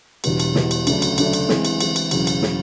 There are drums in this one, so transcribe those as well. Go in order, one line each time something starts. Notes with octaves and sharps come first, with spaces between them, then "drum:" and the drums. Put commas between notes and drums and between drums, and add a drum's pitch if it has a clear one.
E1 E2 B2 G3, drum: cymbal
drum: cymbal
E1 E2 B2 G3, drum: snare
drum: cymbal
D2 C#3 F#3 A3 D4, drum: cymbal
drum: cymbal
D2 C#3 F#3 A3 D4, drum: cymbal
drum: cymbal
E3 G#3 C4, drum: snare
drum: cymbal
E3 G#3 C4, drum: cymbal
drum: cymbal
E1 E2 C#3 F#3, drum: cymbal
drum: cymbal
C#3 F#3, drum: snare